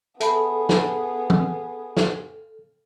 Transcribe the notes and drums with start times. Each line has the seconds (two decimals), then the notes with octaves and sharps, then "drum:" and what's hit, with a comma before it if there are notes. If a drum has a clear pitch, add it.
0.20 B3 G#4 A4 E5 A5 B5, drum: hi-hat
0.69 drum: snare
1.30 drum: tom
1.97 drum: snare